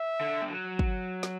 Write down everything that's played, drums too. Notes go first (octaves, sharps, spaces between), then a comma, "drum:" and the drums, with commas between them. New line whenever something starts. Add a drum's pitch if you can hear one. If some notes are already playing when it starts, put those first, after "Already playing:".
Already playing: E5
D3
G3
F#3
drum: kick
drum: snare